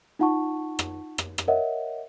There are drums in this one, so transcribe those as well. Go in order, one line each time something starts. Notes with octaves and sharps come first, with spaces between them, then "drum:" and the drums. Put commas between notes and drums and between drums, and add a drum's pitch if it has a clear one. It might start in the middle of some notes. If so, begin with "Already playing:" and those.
D#4 F4 F#5 A5 C#6
drum: rim click
drum: rim click
drum: rim click
A#4 C#5 D#5 E5 F#5